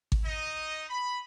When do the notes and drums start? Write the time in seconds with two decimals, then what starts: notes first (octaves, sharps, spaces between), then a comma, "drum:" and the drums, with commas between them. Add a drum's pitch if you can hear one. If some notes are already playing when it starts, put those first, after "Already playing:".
0.12 drum: kick G#1
0.25 D#4 D#5
0.89 B5